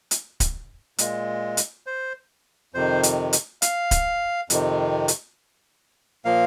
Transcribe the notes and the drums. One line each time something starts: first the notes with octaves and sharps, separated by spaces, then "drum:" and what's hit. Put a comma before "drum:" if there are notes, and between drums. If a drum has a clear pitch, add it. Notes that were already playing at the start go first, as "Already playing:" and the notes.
drum: hi-hat
drum: kick D1, hi-hat
A#2 G#3, drum: hi-hat
drum: hi-hat
C5
F2 C3 D#3 C5
drum: hi-hat
drum: hi-hat
F5, drum: hi-hat
drum: kick D1, hi-hat
F2 C3 D#3, drum: hi-hat
drum: hi-hat
A#2 F3 A#3 F5